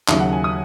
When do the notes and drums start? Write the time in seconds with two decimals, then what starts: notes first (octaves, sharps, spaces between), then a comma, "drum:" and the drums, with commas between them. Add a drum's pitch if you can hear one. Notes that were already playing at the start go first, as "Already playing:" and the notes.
0.08 D#2 C#3 F#3 E5, drum: clap
0.20 F#5
0.33 G#5
0.44 D#6